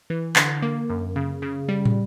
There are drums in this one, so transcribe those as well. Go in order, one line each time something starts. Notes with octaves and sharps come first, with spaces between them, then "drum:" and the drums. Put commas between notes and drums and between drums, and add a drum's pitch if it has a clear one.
E3
D3, drum: clap
A#3
F#2
C#3
C#3
G3
drum: tom